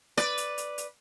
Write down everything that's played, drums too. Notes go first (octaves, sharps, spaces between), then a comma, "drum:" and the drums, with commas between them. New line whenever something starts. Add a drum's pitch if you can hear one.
B4 D5, drum: rim click
drum: hi-hat
drum: hi-hat
drum: hi-hat